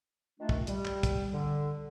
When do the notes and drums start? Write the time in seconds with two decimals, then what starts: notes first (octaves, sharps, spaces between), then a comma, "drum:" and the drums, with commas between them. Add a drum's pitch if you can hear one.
0.40 D#3 A3 D4 F4
0.49 drum: kick
0.67 G3, drum: hi-hat
0.85 drum: clap
1.03 drum: kick, hi-hat
1.32 D3